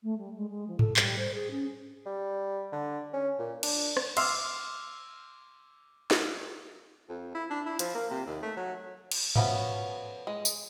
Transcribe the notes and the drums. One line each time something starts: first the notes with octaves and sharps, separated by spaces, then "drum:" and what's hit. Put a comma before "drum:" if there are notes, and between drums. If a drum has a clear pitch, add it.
A3
G3
G#3
G#3
F3
A4, drum: tom G#2
G3, drum: clap
C5
G#4
C#4
G3
D3
C#4
A#2
D4, drum: cymbal
drum: rim click
C6 D6 E6 F6 C7, drum: cymbal
drum: snare
F2
E4
D4
E4
F3, drum: hi-hat
A#3
C3
D#2
A3
F#3
drum: cymbal
F3 A3 B3 C#4 F#4, drum: tom G#2
G#3
drum: tambourine